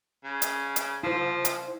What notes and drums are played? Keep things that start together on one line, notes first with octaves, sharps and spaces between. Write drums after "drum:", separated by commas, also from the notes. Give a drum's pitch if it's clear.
C#3
drum: hi-hat
drum: hi-hat
F3 E4 C5
drum: hi-hat